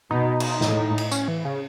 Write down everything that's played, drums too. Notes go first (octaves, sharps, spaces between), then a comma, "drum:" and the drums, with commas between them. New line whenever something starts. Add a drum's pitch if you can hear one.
B2 D#4
drum: cymbal
A2, drum: snare
drum: cymbal
C#4, drum: tambourine
E3
C#3